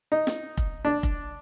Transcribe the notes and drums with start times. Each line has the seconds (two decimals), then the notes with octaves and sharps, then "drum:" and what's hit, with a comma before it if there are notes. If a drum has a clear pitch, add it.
0.12 D#4
0.27 drum: snare
0.57 drum: kick F1
0.85 D4
1.03 drum: kick F1